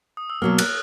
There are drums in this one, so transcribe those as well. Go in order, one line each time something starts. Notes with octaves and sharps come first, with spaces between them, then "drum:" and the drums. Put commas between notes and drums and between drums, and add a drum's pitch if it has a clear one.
D#6
E6
B2 F#3 A#3 F6
F#6, drum: cymbal